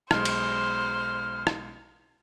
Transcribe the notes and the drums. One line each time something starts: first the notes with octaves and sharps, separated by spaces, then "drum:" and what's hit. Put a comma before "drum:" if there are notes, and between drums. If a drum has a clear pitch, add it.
B1 G#3 C5 F6, drum: rim click
drum: cymbal
drum: rim click